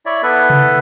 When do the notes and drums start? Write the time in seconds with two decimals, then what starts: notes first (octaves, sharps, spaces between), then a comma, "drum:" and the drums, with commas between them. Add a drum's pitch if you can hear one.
0.06 E4 C#5 D5 E5
0.23 B3 E4 A4 B4 E5
0.50 drum: tom C3